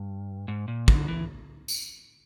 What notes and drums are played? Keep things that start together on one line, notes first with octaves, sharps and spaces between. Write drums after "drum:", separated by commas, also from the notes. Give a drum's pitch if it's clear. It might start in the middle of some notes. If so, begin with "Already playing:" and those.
Already playing: G2
G#2
A#2
D3, drum: kick
E3
drum: tambourine